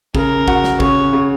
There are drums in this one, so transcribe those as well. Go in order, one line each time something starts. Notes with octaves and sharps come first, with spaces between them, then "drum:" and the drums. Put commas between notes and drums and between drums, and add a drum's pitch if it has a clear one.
C#3 A#4, drum: kick
F#4, drum: kick
drum: snare
C#3 C#5, drum: kick
C#3